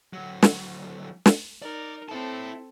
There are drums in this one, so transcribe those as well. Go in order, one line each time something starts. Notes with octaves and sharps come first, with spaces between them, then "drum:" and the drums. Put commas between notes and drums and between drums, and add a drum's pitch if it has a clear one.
D2 F#3
drum: snare
drum: snare
D#4 A#4 D5
C4 E4 A4 A5